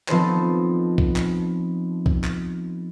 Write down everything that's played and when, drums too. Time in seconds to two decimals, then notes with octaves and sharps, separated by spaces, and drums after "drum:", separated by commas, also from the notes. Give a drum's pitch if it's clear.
0.08 F3 B3 C4 D#4 A4 C5, drum: clap
0.98 drum: kick B1
1.16 drum: clap
2.06 drum: kick B1
2.24 drum: clap